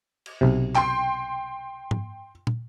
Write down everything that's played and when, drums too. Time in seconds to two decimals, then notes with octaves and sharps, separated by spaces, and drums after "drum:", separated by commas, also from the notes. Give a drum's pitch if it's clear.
0.26 drum: cymbal
0.41 B1 C3
0.75 G5 C6, drum: clap
1.91 drum: tom G#2
2.47 drum: tom